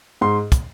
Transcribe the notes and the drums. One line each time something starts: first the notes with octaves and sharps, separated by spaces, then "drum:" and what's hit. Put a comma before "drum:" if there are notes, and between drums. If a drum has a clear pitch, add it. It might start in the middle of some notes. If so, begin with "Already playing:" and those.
G#2 C6
drum: kick, hi-hat